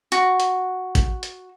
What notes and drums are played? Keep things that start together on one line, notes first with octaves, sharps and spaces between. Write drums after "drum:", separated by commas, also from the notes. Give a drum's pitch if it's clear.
F#4, drum: hi-hat
drum: hi-hat
drum: kick A1, hi-hat
drum: hi-hat